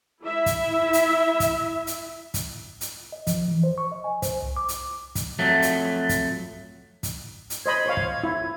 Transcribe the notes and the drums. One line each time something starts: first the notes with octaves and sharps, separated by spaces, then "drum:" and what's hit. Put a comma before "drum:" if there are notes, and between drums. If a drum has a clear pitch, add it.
E4 E5
drum: kick, hi-hat
drum: hi-hat
drum: kick, hi-hat
drum: hi-hat
drum: kick, hi-hat
drum: hi-hat
D#5
F3, drum: kick, hi-hat
E3
C5
C#6
D#5
G#5
C5, drum: kick, hi-hat
C2
D6
drum: hi-hat
drum: kick, hi-hat
F2 F#3 A3
drum: hi-hat
drum: kick, hi-hat
drum: kick, hi-hat
drum: hi-hat
C5 D#5 B5 G#6
C5 C#5 F5
drum: kick
E4